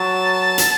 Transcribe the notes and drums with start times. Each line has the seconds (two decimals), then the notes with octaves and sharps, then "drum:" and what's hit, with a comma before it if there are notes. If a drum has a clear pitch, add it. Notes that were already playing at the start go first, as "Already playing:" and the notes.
Already playing: F#3 A5
0.58 drum: hi-hat